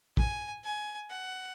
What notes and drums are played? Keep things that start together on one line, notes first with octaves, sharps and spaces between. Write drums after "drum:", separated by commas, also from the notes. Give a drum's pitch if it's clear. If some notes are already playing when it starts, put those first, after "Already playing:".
G#5, drum: kick
G#5
F#5